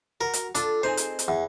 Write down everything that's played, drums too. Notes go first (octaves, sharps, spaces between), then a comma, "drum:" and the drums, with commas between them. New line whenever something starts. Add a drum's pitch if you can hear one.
F#4 A#4
drum: hi-hat
D4 F4 A4, drum: hi-hat
C4 D#4 G#4 C5
drum: hi-hat
drum: hi-hat
E2